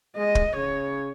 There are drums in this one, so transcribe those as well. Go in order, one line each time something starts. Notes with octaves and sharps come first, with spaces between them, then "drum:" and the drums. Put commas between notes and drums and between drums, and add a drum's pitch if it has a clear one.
G#3 D#5
drum: kick
C#3 C#5